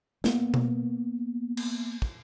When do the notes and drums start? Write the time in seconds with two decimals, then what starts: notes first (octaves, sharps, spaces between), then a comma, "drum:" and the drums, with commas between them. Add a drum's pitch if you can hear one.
0.24 A#3 B3, drum: snare
0.54 drum: tom B2
1.57 drum: cymbal
2.02 drum: kick